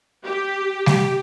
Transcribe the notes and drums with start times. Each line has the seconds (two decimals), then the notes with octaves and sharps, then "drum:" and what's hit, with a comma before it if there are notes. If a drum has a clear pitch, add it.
0.23 G4
0.86 G4, drum: snare G3